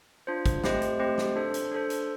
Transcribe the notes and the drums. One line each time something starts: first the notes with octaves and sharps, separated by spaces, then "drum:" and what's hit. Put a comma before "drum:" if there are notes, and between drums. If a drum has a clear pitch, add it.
D4 F4 C5
drum: kick, hi-hat
A3 C4 G4 C5 D#5, drum: snare
drum: hi-hat
A3 C4 G4 C5 D#5
drum: snare
D4 A4 C5
drum: hi-hat
D4 A4 C5
drum: hi-hat